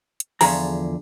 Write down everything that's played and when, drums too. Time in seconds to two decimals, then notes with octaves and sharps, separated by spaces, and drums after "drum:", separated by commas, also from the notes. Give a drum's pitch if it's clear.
0.20 drum: hi-hat
0.41 E2 D3 F3 G#4 A#5, drum: open hi-hat